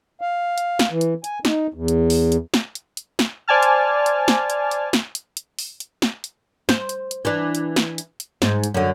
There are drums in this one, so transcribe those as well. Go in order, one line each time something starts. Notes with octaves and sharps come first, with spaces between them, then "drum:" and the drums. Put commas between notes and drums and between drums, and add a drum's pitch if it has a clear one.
F5
drum: hi-hat
drum: snare
E3
drum: hi-hat
G#5, drum: hi-hat
D#4, drum: snare
E2
drum: hi-hat
drum: open hi-hat
drum: hi-hat
drum: snare
drum: hi-hat
drum: hi-hat
drum: snare
C5 D5 G#5 A5 F6
drum: hi-hat
drum: hi-hat
drum: snare
drum: hi-hat
drum: hi-hat
drum: snare
drum: hi-hat
drum: hi-hat
drum: open hi-hat
drum: hi-hat
drum: snare
drum: hi-hat
C5, drum: snare
drum: hi-hat
drum: hi-hat
E3 D4
drum: hi-hat
drum: snare
drum: hi-hat
drum: hi-hat
G#2, drum: snare
drum: hi-hat
F#2 D3